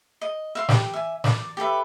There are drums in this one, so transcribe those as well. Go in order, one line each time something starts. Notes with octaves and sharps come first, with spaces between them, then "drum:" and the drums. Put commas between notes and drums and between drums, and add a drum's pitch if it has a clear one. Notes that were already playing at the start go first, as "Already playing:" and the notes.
D#5
E5 F5 C6
G4, drum: snare
E5 G#5
D5, drum: snare
G4 A4 B4 E5